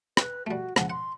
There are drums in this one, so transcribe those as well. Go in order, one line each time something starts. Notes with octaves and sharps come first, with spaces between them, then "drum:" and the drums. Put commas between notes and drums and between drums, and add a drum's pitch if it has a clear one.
B4, drum: rim click
G3 A3 F#4
C#2 F3 F#5, drum: rim click
F#5 C6